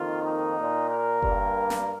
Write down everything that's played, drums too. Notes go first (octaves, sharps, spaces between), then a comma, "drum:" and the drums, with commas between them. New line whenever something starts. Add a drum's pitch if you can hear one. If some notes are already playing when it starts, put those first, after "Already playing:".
Already playing: F2 D#3 A#3 F4
D#4
A#2 A#3
A#4
G2 G3 A#3, drum: kick F#1
drum: snare